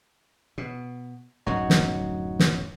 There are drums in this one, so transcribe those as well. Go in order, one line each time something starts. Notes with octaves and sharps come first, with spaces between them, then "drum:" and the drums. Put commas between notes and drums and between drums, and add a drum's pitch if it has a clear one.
B2
D1 F#2 G#3 D#4 F#4 C#5
drum: snare
drum: snare